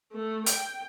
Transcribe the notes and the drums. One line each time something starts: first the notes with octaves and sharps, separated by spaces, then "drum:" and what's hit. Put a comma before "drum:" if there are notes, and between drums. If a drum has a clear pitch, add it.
A3
G5, drum: hi-hat